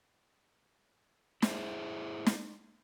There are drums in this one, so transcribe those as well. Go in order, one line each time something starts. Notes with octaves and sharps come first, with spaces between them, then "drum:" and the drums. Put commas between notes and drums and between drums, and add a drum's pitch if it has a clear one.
E4 G#4 C5 E5, drum: snare
drum: snare